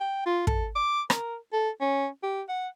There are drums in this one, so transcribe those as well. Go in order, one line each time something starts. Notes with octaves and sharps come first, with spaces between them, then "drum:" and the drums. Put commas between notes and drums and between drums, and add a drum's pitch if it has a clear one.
G5
F4
A4, drum: kick
D6
A#4, drum: rim click
A4
C#4
G4
F#5